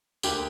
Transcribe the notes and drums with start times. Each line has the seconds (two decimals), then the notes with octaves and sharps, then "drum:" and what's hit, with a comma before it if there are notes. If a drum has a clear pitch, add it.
0.23 D2 D3 A#3 G4, drum: tambourine